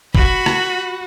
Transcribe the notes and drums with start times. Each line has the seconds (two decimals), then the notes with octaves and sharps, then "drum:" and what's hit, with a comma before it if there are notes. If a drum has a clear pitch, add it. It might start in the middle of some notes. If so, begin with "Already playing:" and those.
0.15 F#4 B5, drum: kick
0.46 drum: rim click